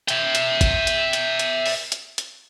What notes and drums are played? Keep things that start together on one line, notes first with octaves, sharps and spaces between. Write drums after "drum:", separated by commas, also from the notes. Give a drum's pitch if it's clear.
E5 G5, drum: hi-hat
drum: hi-hat
drum: kick, hi-hat
drum: hi-hat
drum: hi-hat
drum: hi-hat
drum: open hi-hat
drum: hi-hat
drum: hi-hat